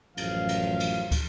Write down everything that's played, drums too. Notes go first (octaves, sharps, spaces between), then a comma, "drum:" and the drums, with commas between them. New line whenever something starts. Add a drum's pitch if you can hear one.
A1 F#2 F3 F5, drum: cymbal
drum: cymbal
drum: cymbal
drum: kick, cymbal